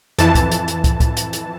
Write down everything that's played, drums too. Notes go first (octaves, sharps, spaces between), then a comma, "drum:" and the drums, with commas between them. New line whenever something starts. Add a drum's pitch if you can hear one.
F2 E3 A5, drum: hi-hat
drum: kick, hi-hat
drum: hi-hat
drum: hi-hat
drum: kick, hi-hat
drum: kick, hi-hat
drum: hi-hat
drum: hi-hat